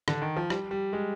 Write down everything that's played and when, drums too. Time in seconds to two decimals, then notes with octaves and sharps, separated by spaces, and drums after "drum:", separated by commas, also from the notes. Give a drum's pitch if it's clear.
0.08 D3, drum: rim click
0.22 D#3
0.37 F3
0.50 G3, drum: rim click
0.71 G3
0.93 G#3